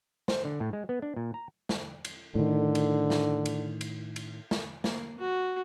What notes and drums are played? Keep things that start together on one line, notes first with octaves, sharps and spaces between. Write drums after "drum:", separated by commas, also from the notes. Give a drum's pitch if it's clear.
C5, drum: snare
D3
A2
G#3
B3
D4
A#2
A#5
drum: snare
drum: cymbal
A2 D3 D#3
drum: cymbal
drum: snare
drum: cymbal
drum: cymbal
drum: cymbal
drum: snare
A#3, drum: snare
F#4